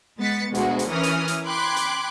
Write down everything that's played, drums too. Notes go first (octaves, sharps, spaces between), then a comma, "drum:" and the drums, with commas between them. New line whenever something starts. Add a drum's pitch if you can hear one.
G#3 B3 A6 B6 C#7
D2 B2 G#3 F#4, drum: hi-hat
drum: hi-hat
E3 C#4 A#4 D#6 F6
drum: hi-hat
drum: hi-hat
G5 B5 C6 D6 F#6 G#6
drum: hi-hat